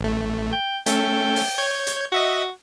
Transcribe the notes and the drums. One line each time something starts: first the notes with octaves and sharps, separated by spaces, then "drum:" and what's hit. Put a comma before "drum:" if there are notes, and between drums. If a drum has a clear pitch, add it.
A1 A3
G5
A3 C#4 A4 G5, drum: hi-hat
drum: open hi-hat
C#5 G6 G#6
drum: hi-hat
F#4 D#5 E5 F#5